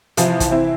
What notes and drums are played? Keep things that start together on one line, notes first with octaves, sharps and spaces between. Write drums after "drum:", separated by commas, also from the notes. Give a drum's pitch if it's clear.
C3 E3 F3, drum: hi-hat
drum: kick, hi-hat
C4 E4